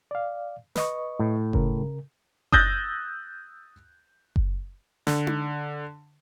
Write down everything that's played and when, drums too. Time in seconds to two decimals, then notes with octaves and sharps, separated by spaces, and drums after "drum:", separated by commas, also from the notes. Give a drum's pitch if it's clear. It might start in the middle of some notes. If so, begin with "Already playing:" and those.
0.11 D5 F5
0.76 B4 D#5 C#6, drum: snare
1.19 A2
1.53 C#3 A#4, drum: kick F#1
2.52 D#6 E6 F#6 G6 A6 A#6, drum: kick F#1
4.36 drum: kick F#1
5.07 D3, drum: snare
5.27 drum: tom D#4